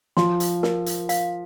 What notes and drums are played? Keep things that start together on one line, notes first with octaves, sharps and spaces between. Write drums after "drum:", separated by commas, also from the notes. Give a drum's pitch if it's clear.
F3 C6, drum: snare
drum: hi-hat
A#4, drum: snare
drum: hi-hat
F5, drum: hi-hat